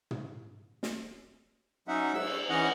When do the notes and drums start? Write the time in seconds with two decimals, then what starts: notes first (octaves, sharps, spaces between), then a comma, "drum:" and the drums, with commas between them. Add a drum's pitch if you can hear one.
0.11 drum: tom
0.83 drum: snare
1.88 F#3 C#4 D#4 E5 F#5
2.14 E6, drum: cymbal
2.49 E3 C#4 D#5 F#5